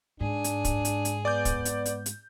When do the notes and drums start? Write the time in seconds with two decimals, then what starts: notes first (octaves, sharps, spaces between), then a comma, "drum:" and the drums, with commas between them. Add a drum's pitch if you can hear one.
0.20 G#2 D4 G#4
0.44 drum: hi-hat
0.65 drum: kick, hi-hat
0.85 drum: hi-hat
1.05 drum: hi-hat
1.25 B3 D5 D6 G6
1.45 drum: kick, hi-hat
1.65 drum: hi-hat
1.86 drum: hi-hat
2.06 drum: hi-hat